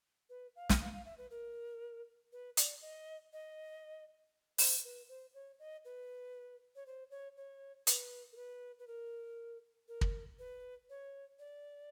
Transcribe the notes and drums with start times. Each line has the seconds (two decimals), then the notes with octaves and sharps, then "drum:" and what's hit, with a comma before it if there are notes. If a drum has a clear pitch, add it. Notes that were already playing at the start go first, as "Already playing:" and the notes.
0.30 B4
0.56 F5
0.69 drum: snare
0.81 F5
0.93 F5
1.05 E5
1.18 B4
1.31 A#4
2.32 B4
2.57 D5, drum: hi-hat
2.82 D#5
3.33 D#5
4.58 C5, drum: open hi-hat
4.84 B4
5.09 C5
5.34 C#5
5.59 D#5
5.85 B4
6.76 C#5
6.86 C5
7.11 C#5
7.37 C#5
7.87 B4, drum: hi-hat
8.33 A#4
8.36 B4
8.79 B4
8.87 A#4
9.88 A#4
10.01 drum: kick
10.39 B4
10.90 C#5
11.39 D5